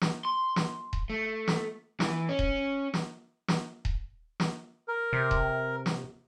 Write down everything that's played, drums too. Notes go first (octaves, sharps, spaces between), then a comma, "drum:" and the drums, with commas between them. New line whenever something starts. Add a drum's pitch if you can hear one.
drum: snare
C6
drum: snare
drum: kick D#1
A3
drum: snare
E3, drum: snare
C#4
drum: kick D#1
drum: snare
drum: snare
drum: kick D#1
drum: snare
A#4
C3
drum: kick D#1
drum: snare